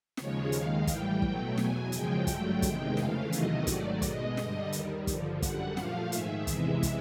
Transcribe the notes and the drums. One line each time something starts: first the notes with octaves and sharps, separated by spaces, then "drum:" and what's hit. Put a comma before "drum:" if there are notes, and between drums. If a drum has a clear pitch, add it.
D#2 C#3 F3 G#3 C#5, drum: snare
D#2 D#3 G#3 F5, drum: hi-hat
A2 E3 G3 G5, drum: kick, hi-hat
B2 F#3 A3 G5, drum: kick
E2 B2 F#3 G#5, drum: snare
F#2 C#3 F3 G#3 G5, drum: hi-hat
G2 D3 F#3 A3, drum: kick, hi-hat
E2 C3 D#3 G#3, drum: kick, hi-hat
F2 C#3 E3 A3 F5, drum: snare
E2 C3 D#3 F#3 A3 D#5, drum: hi-hat
G#2 D#3 F#3 A3 D5, drum: kick, hi-hat
B2 G#3 D#5, drum: kick, hi-hat
G2 D3 G3 D#5, drum: snare
D#2 D#3 G3, drum: hi-hat
G2 D3 F3, drum: kick, hi-hat
F#2 D3 G3 F#5, drum: kick, hi-hat
A#2 F3 A3 F5, drum: snare
G#2 D#3 G#3 E5, drum: hi-hat
E2 C3 E3 G#3, drum: kick, hi-hat
drum: kick, hi-hat